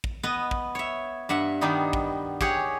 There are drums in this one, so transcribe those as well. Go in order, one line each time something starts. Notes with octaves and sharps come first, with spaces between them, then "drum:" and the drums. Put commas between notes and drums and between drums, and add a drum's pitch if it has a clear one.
drum: kick
B3 B4 D#5
drum: kick
C#5 E5
G2 E5 F#5
D#3 G3 B3 D#4
drum: kick
G4 G#4 C#5 F#5, drum: kick